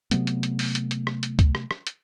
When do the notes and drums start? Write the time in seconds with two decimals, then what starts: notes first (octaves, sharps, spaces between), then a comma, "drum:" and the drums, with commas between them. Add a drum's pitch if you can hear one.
0.11 C3 F#3 A3 B3, drum: hi-hat
0.27 drum: hi-hat
0.43 drum: hi-hat
0.59 drum: open hi-hat
0.75 drum: hi-hat
0.91 drum: hi-hat
1.07 drum: rim click
1.23 drum: hi-hat
1.39 drum: kick C#2, hi-hat
1.55 drum: rim click
1.71 drum: rim click
1.87 drum: hi-hat